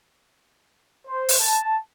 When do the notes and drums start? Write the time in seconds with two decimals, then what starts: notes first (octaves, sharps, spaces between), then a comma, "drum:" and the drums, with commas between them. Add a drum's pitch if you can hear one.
1.06 C5
1.29 drum: open hi-hat
1.41 A5